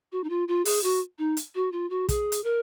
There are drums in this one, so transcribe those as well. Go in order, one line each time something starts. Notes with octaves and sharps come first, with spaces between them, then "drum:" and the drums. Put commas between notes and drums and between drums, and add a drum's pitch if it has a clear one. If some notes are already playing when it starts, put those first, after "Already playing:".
F#4
D#4
F4
F4
G#4, drum: open hi-hat
F#4
D#4
drum: hi-hat
F#4
F4
F#4
G#4, drum: kick, hi-hat
drum: hi-hat
A#4